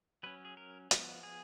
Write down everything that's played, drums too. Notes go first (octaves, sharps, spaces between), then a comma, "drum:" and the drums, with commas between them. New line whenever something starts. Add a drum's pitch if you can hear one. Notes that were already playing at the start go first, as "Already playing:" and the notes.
F#3 C#4 B4
G#4
A#4
F3 B3, drum: hi-hat
G#4